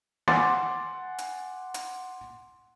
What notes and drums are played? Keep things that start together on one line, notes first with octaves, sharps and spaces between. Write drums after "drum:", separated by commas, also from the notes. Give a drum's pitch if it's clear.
F#5 G#5 C6 D6 A6, drum: snare
drum: hi-hat
drum: hi-hat